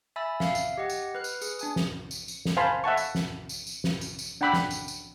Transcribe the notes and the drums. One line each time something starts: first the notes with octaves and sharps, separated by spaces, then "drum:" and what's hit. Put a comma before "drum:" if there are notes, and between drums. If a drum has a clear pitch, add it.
E5 G#5 B5 E6 A6
E5 F5, drum: snare
drum: tambourine
G4 D#5 F#5
drum: tambourine
B4 F6 F#6
drum: tambourine
G#4, drum: tambourine
D4 G#5 D#6, drum: tambourine
drum: snare
drum: tambourine
drum: tambourine
drum: snare
C5 F5 G#5 A5 B5 C6
E5 F#5 A5 C#6
drum: tambourine
drum: snare
drum: tambourine
drum: tambourine
drum: snare
drum: tambourine
drum: tambourine
D4 F#5 G5 B5 D6 E6
drum: snare
drum: tambourine
drum: tambourine